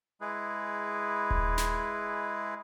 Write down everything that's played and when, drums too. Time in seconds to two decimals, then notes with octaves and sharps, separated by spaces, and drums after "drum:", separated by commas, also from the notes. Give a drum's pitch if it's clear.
0.21 G#3 E4 G#4 B4
1.31 drum: kick D#1
1.58 drum: snare